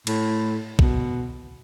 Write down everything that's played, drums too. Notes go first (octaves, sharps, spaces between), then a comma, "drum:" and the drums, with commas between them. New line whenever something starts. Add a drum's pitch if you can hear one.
A2, drum: cymbal
B2, drum: kick